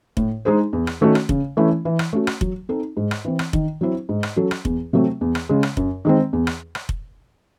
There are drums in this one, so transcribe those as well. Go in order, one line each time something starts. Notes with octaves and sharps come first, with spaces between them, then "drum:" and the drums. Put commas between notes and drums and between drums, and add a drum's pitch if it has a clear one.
A2, drum: kick F1
G#3 D#4 G#4 C5
E2
drum: rim click
D#3 A3 C#4 F#4
drum: rim click
C#3, drum: kick F1
E3 A3 C#4 E4
E3
drum: rim click
A3 C#4 F#4
drum: rim click
F#3, drum: kick F1
C4 D#4 A4
G#2
drum: rim click
E3 C4
drum: rim click
D#3, drum: kick F1
F#3 C4 E4 C5
G#2
drum: rim click
F#3 C#4 F#4 A4
drum: rim click
E2, drum: kick F1
C3 F#3 A3 C4
E2
drum: rim click
C#3 G#3
drum: rim click
F#2, drum: kick F1
D#3 G#3 C4
E2
drum: rim click
drum: rim click
drum: kick F1